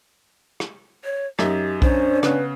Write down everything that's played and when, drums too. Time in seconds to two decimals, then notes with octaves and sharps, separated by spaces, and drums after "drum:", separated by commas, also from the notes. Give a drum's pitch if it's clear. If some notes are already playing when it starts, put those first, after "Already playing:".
0.60 drum: rim click
1.04 C#5
1.39 F#2 D#4 G4 E5, drum: rim click
1.82 C#4 D4 C5, drum: kick B1
2.23 C#3 B3 B4, drum: rim click